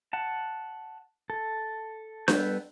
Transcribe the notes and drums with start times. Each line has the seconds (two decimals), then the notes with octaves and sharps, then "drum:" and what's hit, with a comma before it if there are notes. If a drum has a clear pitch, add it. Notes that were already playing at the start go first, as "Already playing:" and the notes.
0.13 F#5 A5
1.30 A4
2.28 G3 B3 A4 B4 G6, drum: snare D4